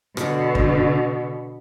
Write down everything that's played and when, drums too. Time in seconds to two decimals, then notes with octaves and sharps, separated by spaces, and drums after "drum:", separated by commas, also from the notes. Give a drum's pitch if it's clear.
0.17 B2 D3, drum: rim click
0.55 drum: kick F#2